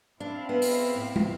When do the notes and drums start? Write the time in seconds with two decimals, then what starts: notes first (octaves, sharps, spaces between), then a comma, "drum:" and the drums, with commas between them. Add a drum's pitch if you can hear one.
0.20 C4 D4 E4 F5
0.49 B3
0.62 drum: open hi-hat
0.95 A2
1.16 drum: tom